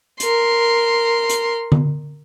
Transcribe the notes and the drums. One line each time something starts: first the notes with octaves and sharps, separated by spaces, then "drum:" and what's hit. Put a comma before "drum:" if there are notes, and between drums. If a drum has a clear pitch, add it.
A#4 C6, drum: hi-hat
drum: hi-hat
drum: tom D3